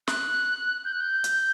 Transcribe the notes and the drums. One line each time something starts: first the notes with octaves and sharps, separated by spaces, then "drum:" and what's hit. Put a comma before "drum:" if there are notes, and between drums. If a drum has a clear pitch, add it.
F#6, drum: snare
G6
F#6
G6
drum: hi-hat